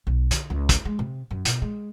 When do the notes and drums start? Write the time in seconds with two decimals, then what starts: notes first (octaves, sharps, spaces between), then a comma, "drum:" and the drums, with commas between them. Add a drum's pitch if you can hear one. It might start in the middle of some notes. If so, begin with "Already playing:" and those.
0.07 B1
0.31 D3, drum: hi-hat
0.50 C#2
0.69 drum: kick, hi-hat
0.85 G#3
0.99 C3
1.31 F#2
1.45 B2, drum: hi-hat
1.62 G#3